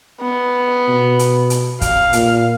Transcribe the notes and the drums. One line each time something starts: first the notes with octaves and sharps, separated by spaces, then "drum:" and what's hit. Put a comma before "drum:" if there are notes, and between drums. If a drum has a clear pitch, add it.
B3
B2
drum: hi-hat
drum: hi-hat
F5, drum: kick, hi-hat
A#2, drum: hi-hat